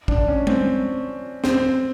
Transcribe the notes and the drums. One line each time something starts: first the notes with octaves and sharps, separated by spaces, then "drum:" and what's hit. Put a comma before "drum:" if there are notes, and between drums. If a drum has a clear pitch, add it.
D4, drum: kick
C#4
C4, drum: tom G3
C4, drum: snare